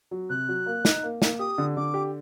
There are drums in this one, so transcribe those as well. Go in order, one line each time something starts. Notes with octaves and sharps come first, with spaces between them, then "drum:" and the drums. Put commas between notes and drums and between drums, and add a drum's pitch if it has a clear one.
F#3
C3 F#6
F#3
A#3
D#4, drum: snare
A#3
A#3, drum: snare
G4 D#6
D3
D3 D6
G4